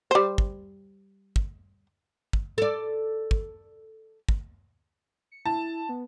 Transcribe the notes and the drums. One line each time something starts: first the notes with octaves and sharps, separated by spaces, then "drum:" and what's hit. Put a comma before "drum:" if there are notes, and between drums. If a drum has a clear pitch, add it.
G3 C5
drum: kick
drum: kick
drum: kick
A4 D5
drum: kick
drum: kick
C#7
E4 A5
B3